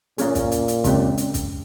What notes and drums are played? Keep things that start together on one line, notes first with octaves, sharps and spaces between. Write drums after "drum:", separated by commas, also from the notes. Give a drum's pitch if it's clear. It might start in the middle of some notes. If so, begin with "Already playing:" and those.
A#2 A#3 C#4 G#4, drum: hi-hat
drum: kick, hi-hat
drum: hi-hat
drum: hi-hat
C#3 G#3 C4 G4, drum: kick, hi-hat
drum: hi-hat
drum: kick, hi-hat